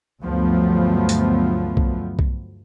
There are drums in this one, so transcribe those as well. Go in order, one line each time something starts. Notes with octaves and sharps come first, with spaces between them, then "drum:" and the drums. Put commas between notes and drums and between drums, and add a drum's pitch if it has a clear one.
D2 G2 F3 F#3 A3 B3
drum: hi-hat
drum: kick B1
drum: kick B1